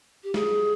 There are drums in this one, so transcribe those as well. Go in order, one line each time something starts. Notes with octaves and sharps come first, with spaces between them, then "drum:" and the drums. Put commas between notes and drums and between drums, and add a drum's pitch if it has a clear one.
G4
G#4, drum: snare